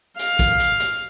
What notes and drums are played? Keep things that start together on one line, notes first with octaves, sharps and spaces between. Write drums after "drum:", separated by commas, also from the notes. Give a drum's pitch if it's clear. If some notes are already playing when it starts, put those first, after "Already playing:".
F5, drum: hi-hat
drum: kick, hi-hat
drum: hi-hat
drum: hi-hat